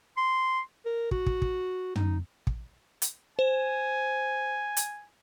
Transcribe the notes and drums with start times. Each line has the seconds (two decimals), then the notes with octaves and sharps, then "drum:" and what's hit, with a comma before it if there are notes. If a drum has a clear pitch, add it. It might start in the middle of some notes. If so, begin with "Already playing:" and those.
0.17 C6
0.86 A#4
1.11 F#4, drum: kick
1.26 drum: kick
1.42 drum: kick
1.96 D#4, drum: tom
2.47 drum: kick
3.02 drum: hi-hat
3.39 C5 G#5
4.77 drum: hi-hat